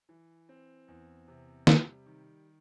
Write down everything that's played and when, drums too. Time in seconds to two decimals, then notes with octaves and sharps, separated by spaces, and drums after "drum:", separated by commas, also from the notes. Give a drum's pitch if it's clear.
0.09 E3
0.49 C4
0.88 E2
1.28 C3
1.67 G3, drum: snare
2.06 D#3